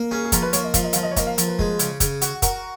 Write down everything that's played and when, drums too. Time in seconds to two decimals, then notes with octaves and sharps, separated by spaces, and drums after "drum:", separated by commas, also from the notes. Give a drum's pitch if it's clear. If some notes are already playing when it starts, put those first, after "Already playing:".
Already playing: A#3
0.11 C#4 G#4
0.25 G#4
0.32 F3 A#4, drum: kick, hi-hat
0.42 B4
0.53 A#3 C#5, drum: hi-hat
0.64 D#5
0.74 F3 F5, drum: kick, hi-hat
0.84 D#5
0.93 F3 F5, drum: hi-hat
1.03 D#5
1.11 C#5
1.16 A#3 D#5, drum: kick, hi-hat
1.27 F5
1.38 F3, drum: hi-hat
1.48 B4
1.59 G#3, drum: kick
1.79 C#3, drum: hi-hat
2.00 C#3, drum: kick, hi-hat
2.22 F#4, drum: hi-hat
2.42 F#4 A#4, drum: kick, hi-hat